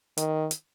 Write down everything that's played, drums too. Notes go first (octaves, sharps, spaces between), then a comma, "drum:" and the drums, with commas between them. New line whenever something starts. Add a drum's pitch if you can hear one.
D#3, drum: hi-hat
drum: hi-hat